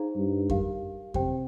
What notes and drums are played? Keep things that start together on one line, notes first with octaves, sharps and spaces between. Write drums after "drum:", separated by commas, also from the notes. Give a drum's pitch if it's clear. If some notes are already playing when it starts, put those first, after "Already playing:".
Already playing: D#4 G#4 C5 F5 A#5
G2
G4 A#4 F5, drum: kick F2
C3 G4 C5 G5, drum: kick F2